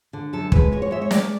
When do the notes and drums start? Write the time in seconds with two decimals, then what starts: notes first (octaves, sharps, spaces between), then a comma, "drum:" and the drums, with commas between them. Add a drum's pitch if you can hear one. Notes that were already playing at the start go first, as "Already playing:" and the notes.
0.13 D3
0.33 F#2 A4
0.52 G#3 B4, drum: kick
0.72 G#3 C#5
0.82 C#5
0.91 G#3 E5
1.02 C#5
1.11 G#3 D5, drum: snare